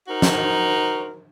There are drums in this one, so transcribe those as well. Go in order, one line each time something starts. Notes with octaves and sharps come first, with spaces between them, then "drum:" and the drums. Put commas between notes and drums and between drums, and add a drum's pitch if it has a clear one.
D#4 F#4 A#4 C5
drum: snare